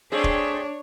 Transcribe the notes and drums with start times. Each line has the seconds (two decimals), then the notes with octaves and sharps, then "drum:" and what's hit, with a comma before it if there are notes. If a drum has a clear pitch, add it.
0.12 A3 C4 D4 G#4 C#5
0.24 drum: kick